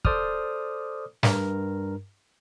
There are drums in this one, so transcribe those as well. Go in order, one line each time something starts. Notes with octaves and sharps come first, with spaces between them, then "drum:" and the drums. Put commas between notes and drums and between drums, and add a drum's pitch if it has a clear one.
A4 C5 D5 D6 D#6 F6, drum: kick
G2 A#4, drum: snare